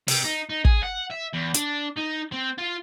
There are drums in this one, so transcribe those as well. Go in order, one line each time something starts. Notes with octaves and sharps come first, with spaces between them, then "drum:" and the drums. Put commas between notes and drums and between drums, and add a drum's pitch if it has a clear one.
C3, drum: open hi-hat
D#4
D#4
G#4, drum: kick
F#5
E5
E2
D4, drum: hi-hat
D#4
C4
F4